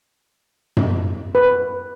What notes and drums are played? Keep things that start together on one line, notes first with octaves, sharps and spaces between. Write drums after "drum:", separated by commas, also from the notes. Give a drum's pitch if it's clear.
drum: tom F#2
B4